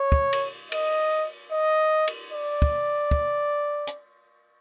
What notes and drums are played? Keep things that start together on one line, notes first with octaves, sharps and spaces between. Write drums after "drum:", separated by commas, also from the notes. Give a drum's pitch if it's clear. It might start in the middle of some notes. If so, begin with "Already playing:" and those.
Already playing: C#5
drum: kick
drum: cymbal
D#5, drum: cymbal
D#5
drum: cymbal
D5
drum: kick
drum: kick
drum: hi-hat